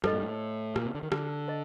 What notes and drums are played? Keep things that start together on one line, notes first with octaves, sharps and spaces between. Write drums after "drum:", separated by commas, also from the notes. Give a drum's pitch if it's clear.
G2 A4 C5 D#5, drum: rim click
A#2
A2
A#2, drum: rim click
C3
D3
D#3
D3, drum: rim click
C5 D#5